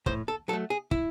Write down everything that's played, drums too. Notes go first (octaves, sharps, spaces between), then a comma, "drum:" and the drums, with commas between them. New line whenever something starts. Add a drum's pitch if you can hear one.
A2 C5, drum: kick
A4
F#3 A4
A3
G#4
E4, drum: kick